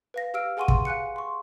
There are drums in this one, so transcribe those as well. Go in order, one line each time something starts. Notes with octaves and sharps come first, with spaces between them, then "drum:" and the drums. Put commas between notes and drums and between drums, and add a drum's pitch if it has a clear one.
B4 F5 A#6
G4 F5 E6 F6 D7
G#4 F#5 G#5 C6 C#6 D#7
drum: kick
F5 G#5 F#6 C#7
C6 C#6